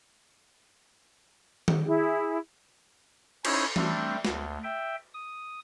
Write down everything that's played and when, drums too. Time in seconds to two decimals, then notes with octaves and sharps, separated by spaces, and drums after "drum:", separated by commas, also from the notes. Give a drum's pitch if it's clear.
1.68 drum: tom D#3
1.86 E4 G#4
3.45 C#4 D#4 E4 C5 C#5 C6, drum: cymbal
3.76 G3 A3 C4 D4, drum: tom E3
4.25 D2, drum: snare
4.63 E5 G5
5.14 D#6